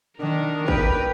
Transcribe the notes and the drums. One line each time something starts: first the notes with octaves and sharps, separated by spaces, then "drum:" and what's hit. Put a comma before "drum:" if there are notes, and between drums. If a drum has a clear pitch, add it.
D#3 D4 A#4
B4 G5, drum: kick